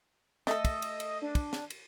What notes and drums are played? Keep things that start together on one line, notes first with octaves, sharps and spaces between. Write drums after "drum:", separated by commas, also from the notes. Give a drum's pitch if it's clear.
A3 A4 D#5, drum: snare
drum: kick, cymbal
drum: cymbal
drum: cymbal
D4
drum: kick, cymbal
drum: snare
drum: cymbal